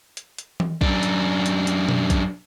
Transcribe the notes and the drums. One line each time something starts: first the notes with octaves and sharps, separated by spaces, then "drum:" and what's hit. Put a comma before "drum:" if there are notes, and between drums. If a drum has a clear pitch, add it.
drum: hi-hat
drum: hi-hat
drum: tom E3
F#2 D4, drum: kick A#1
drum: hi-hat
drum: hi-hat
drum: hi-hat
drum: tom B2
drum: kick A#1, hi-hat